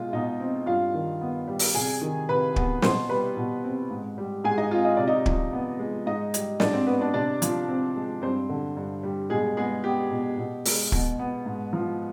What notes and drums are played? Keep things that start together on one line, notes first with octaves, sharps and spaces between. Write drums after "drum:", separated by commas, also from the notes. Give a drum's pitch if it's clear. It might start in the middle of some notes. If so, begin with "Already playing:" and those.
Already playing: B2 G#3 F4
B2 D#4 D#5
C4
G2 F4 F5
D#3
B3
G3
drum: open hi-hat
C3 G#4 G#5
D#3
C3 B4 B5
B3, drum: kick
B2 C5 C6, drum: snare
G3 B4 B5
B2
C4
G#2
G3
G#2 G#4 G#5
D#4 D#5
C4 F4 F5
D#5
C3 D5
D#4 D#5
F3, drum: kick
B3
G#3
G#2 D#4 D#5
G3, drum: hi-hat
G#2 D4 D5, drum: snare
C4 C5
B3 C4 B4
D4 D5
C3 D4 D5
F3, drum: hi-hat
C4
G#3
G2 C4 C5
D3
G2
G3
B2 G#3 G#4
G#3 B3 G#4
B3 G4
B2
B2
G#3, drum: open hi-hat
B2, drum: kick
B3
G#2
F3